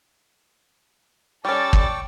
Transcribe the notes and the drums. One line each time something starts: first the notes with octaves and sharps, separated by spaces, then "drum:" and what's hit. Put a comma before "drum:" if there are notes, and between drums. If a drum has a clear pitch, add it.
G3 C#4 A4 D5 G5 C#6 A6
drum: kick